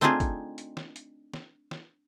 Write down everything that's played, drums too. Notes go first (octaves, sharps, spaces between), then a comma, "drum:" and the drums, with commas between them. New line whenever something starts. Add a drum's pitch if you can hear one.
A3 C4 D4 D#4 F4 G#4
drum: kick, hi-hat
drum: hi-hat
drum: snare
drum: hi-hat
drum: snare
drum: snare